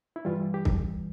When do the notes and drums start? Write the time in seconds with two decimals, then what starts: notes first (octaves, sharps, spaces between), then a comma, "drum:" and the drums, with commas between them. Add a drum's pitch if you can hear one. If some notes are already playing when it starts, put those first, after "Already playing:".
0.16 E4
0.25 G2 E3 G3 F4
0.54 G4
0.65 drum: kick C2